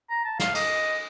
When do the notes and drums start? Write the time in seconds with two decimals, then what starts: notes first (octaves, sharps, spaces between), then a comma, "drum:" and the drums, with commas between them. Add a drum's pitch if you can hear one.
0.10 A#5
0.25 A5
0.40 F5, drum: snare
0.55 D#5, drum: cymbal